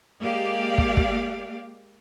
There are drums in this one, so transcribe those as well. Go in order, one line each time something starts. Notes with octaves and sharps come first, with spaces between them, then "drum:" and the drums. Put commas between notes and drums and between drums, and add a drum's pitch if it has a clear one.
G#3 A#3 G4 D5 F5
drum: kick
drum: kick